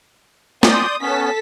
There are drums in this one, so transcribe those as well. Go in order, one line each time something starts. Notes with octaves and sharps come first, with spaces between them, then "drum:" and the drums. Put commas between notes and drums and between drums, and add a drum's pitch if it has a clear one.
D5 C6 D#6 G6, drum: snare
B3 C#4 A4 A5 B6